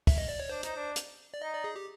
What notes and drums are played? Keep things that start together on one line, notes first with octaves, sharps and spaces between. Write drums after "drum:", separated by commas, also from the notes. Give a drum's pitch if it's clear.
E5, drum: kick, open hi-hat
D#5
D5
C#5
D4 C5
D#4, drum: hi-hat
D4
drum: hi-hat
D5
D#4 D#5
D5
G#4
G4